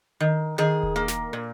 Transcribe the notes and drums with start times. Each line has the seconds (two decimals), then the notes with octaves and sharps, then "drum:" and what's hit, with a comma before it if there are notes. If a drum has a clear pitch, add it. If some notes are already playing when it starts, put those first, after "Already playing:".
0.20 D#3
0.58 D#3 G#4
0.83 drum: kick E1
0.96 A#3
1.08 drum: snare
1.33 A#2